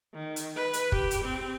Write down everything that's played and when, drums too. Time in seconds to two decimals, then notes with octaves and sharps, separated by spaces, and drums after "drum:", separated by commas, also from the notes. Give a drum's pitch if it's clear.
0.14 D#3
0.36 drum: hi-hat
0.56 B4
0.73 drum: hi-hat
0.92 G4, drum: kick
1.11 drum: hi-hat
1.25 C4